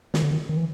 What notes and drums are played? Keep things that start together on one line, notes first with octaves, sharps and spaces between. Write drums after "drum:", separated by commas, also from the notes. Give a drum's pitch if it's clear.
D#3, drum: snare
D3
D#3
D#3
E3